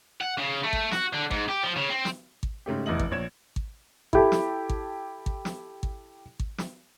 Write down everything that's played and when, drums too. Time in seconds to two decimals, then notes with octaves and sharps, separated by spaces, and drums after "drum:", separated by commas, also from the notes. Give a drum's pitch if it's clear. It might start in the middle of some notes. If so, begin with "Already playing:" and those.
0.21 F#5
0.38 C#3
0.63 A3
0.73 drum: kick G#1
0.92 F#4, drum: snare
1.13 D3
1.31 G#2, drum: kick G#1
1.48 G4
1.63 F3
1.76 C#3
1.90 C4
2.05 drum: snare
2.43 drum: kick G#1
2.66 G#2 C#3 A3 G4
2.86 F1 E2 E4 D#5 F#7
2.99 drum: kick G#1
3.11 A#1 C#5 G#6 E7
3.56 drum: kick G#1
4.13 E4 G4 A4, drum: kick G#1
4.32 drum: snare
4.69 drum: kick G#1
5.26 drum: kick G#1
5.45 drum: snare
5.83 drum: kick G#1
6.40 drum: kick G#1
6.58 drum: snare